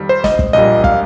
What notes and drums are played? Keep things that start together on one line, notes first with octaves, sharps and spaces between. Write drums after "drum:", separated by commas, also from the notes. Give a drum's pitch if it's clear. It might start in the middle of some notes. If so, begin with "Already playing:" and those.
Already playing: F2 D#3 G3
C5
D#5, drum: snare
drum: kick
A#1 A#2 G3 D#5
F5, drum: kick